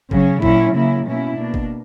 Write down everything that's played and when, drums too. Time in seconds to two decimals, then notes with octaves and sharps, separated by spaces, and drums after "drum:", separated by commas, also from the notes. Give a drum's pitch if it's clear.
0.11 C#3 F#3 C#4, drum: kick G1
0.42 A#2 F#3 C#4 E4, drum: kick G1
0.74 C#3 F#3 A#3 E4
1.06 B2 A#3 C#4 E4
1.38 B2 A#3 D4
1.54 drum: kick G1